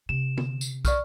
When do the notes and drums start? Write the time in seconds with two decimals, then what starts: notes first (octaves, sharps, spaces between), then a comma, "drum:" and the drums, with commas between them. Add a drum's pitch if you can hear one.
0.09 C3 E7
0.38 drum: tom
0.61 drum: tambourine
0.85 D5 C#6 F6, drum: kick, tambourine